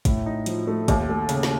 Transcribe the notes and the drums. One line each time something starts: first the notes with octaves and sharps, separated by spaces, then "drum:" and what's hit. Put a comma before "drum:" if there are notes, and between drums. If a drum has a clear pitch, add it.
A2, drum: kick, hi-hat
D#4
F3, drum: hi-hat
A3
D#2, drum: kick, hi-hat
A3
C#3, drum: hi-hat
drum: snare